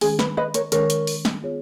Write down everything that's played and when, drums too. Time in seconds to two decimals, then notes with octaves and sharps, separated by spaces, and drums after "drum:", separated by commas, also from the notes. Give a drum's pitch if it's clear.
0.01 D#3 G#3 C#4 G#4, drum: open hi-hat
0.19 B4, drum: snare
0.37 B4 D#5
0.54 A#4 C#5, drum: hi-hat
0.72 D#3 G#3 C#4 A#4 C#5, drum: hi-hat
0.90 drum: hi-hat
1.07 drum: open hi-hat
1.25 drum: snare
1.42 B3 F4 G#4 C#5